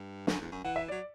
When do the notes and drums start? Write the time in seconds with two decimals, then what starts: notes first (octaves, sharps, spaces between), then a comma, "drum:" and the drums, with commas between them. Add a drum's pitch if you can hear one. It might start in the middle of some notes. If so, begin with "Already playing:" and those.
Already playing: G2
0.27 F#2, drum: snare
0.40 E2
0.52 F#2
0.64 E3 F#5
0.76 E5
0.88 F#3 D5